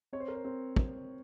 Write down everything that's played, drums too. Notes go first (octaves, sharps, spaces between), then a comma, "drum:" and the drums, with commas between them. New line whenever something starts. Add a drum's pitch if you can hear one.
C4 C#5
C5
A#4
C5
C4
C4, drum: kick